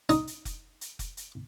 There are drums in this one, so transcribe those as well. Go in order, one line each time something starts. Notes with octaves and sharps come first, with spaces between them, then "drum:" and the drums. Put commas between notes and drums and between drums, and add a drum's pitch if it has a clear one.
D#4, drum: hi-hat
drum: hi-hat
drum: kick F1, hi-hat
drum: hi-hat
drum: kick F1, hi-hat
drum: hi-hat